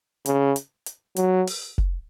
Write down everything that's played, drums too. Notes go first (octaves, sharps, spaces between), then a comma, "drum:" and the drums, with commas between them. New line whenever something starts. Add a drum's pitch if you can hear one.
C#3, drum: hi-hat
drum: hi-hat
drum: hi-hat
F#3, drum: hi-hat
drum: open hi-hat
drum: kick F1